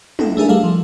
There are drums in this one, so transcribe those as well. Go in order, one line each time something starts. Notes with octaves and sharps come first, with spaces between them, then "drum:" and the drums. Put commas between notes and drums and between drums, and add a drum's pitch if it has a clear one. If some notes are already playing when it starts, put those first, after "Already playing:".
D#4 E4 A4, drum: tom
A3 D4 G#4 A#4 E5
G3 A3 A4 F5
F3